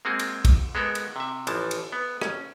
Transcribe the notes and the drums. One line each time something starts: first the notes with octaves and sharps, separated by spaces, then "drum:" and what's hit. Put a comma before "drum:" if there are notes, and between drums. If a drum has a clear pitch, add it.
G#3 A#3 C4 F#4 G#4
drum: cymbal
drum: kick, cymbal
G#3 B3 A4 A#4
drum: cymbal
C3 E5
A1 E3 F3 A5, drum: cymbal
drum: cymbal
B3
C#4, drum: rim click